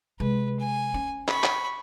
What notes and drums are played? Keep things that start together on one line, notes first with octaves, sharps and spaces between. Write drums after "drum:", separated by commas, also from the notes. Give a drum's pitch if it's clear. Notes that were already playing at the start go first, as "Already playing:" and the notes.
C3 G#3 B4
G#5
C#4
B5 C#6, drum: clap
drum: clap